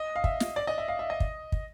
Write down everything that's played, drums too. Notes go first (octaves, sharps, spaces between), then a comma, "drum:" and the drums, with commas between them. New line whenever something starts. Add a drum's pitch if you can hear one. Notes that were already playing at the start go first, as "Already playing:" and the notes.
Already playing: D#5
F5
E5, drum: kick
drum: snare
D5
D#5
E5
F5
E5
D#5
drum: kick
drum: kick